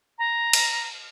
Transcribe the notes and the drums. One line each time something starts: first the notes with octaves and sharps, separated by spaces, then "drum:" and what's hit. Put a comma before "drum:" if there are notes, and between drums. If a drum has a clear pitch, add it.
A#5
drum: cymbal